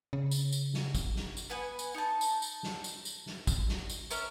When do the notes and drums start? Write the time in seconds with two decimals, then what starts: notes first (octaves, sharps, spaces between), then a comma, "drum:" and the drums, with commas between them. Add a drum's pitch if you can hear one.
0.13 C#3
0.31 drum: tambourine
0.52 drum: tambourine
0.74 drum: snare
0.95 drum: kick G#1, tambourine
1.16 drum: snare
1.37 drum: tambourine
1.50 B3 B4 F#5 G#5
1.79 drum: tambourine
1.94 D#4 A5
2.21 drum: tambourine
2.42 drum: tambourine
2.63 drum: snare
2.84 drum: tambourine
3.05 drum: tambourine
3.26 drum: snare
3.47 drum: kick G#1, tambourine
3.68 drum: snare
3.89 drum: tambourine
4.11 C#4 A#4 E5 F6, drum: tambourine